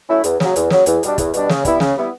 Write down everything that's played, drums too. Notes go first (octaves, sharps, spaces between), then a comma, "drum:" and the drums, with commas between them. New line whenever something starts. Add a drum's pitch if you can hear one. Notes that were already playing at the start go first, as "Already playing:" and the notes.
F#3 A3 C#4 E4
E2, drum: hi-hat
C#3 F#3, drum: snare
E2, drum: hi-hat
C#3 F#3, drum: snare
E2, drum: hi-hat
B2 G3 D4, drum: hi-hat
E2, drum: kick, hi-hat
B2 G3 D4, drum: hi-hat
C#3, drum: snare
G3 B3 E4, drum: kick, hi-hat
C#3, drum: snare
G3 B3 E4